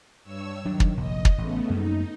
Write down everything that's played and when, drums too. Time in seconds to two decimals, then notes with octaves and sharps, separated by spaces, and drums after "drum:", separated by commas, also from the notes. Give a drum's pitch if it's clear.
0.22 G2 C#5 E6
0.65 D#3 F#3 D4
0.80 drum: kick
0.97 F1 A#1 D#5
1.25 drum: kick
1.38 A1 C#3 A3 B3
1.70 F#2 G3 A#3 D#4